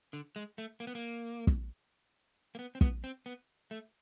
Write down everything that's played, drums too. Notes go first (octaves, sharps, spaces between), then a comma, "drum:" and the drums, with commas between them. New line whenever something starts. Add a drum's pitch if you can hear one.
D3
G#3
A3
A#3
B3
A#3
drum: kick
A#3
B3
C4
B3, drum: kick
C4
B3
A3